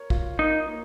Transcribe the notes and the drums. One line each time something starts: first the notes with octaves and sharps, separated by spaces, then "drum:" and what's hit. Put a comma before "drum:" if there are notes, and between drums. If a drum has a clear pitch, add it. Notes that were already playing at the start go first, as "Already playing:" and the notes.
Already playing: A#4 C#5
F4, drum: kick
D#4 A#4
A#3